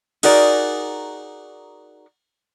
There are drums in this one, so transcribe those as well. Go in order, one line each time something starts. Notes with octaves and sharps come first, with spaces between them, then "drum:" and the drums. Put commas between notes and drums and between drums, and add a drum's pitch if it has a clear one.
D#4 F#4 G#4 A#4 D5, drum: cymbal